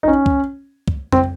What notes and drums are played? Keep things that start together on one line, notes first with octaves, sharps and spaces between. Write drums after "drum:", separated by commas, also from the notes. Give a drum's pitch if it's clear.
D#4
C#4
drum: kick
drum: kick
C4, drum: tom F2